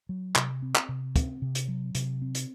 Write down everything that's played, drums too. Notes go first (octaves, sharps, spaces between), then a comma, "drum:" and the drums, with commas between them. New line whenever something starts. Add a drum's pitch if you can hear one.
F#3
C3, drum: clap
C4
drum: clap
C3
C4, drum: kick, hi-hat
C3
drum: hi-hat
F#3
C3, drum: hi-hat
C4
drum: hi-hat